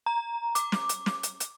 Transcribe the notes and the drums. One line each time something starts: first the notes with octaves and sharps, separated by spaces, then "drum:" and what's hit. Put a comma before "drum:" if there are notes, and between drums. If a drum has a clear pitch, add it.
A#5
D6, drum: hi-hat
drum: snare
drum: hi-hat
drum: snare
drum: hi-hat
drum: hi-hat